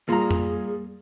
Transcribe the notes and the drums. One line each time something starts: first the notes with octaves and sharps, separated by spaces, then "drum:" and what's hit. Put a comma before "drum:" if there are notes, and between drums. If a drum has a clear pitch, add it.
A#2 G3 A#3 G#4 A#5
drum: tom F2